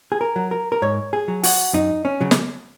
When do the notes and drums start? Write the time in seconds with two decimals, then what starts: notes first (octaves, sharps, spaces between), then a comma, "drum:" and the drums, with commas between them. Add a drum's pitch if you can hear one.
0.12 G#4
0.21 A#4
0.36 F#3
0.51 A#4
0.72 A#4
0.82 G#2 C#5
1.13 G#4
1.28 F#3
1.44 F#4, drum: open hi-hat
1.73 F#2 D#4
2.05 C#4
2.21 C#3 F#3
2.31 drum: snare